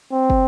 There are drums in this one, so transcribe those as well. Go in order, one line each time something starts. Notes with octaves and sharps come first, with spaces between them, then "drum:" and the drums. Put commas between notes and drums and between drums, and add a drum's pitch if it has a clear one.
C4
drum: kick